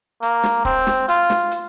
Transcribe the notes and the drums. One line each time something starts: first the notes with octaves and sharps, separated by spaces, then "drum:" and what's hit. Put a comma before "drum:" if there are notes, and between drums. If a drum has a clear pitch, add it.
A#3, drum: hi-hat
drum: snare
C4, drum: kick
drum: snare
F4, drum: hi-hat
drum: snare
drum: hi-hat